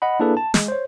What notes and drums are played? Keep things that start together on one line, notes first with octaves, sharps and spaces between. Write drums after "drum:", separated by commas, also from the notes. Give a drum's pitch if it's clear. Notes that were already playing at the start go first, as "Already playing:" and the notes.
D#5 F#5 B5
A#3 D4 E4 G#4 A4 B4
A5
G#3, drum: snare
C5 C#5